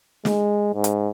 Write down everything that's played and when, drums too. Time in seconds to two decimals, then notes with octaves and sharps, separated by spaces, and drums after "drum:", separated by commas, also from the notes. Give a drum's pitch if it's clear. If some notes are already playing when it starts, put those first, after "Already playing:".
0.25 G#3, drum: snare
0.74 G#2
0.84 drum: hi-hat